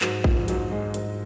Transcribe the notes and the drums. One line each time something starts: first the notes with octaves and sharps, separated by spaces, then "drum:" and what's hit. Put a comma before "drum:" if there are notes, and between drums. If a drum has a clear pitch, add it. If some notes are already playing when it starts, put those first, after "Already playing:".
G#2 F#3, drum: clap
F3, drum: kick A#1
G#2 F#3, drum: hi-hat
G#3
G#2, drum: hi-hat